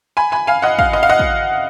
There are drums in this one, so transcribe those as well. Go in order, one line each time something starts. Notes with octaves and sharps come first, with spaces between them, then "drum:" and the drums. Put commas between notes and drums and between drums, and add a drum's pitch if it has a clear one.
G#5 B5
G#5 B5
F5 G#5
D#5 F#5
F5, drum: kick
D#5
F5
D#5 F#5
drum: kick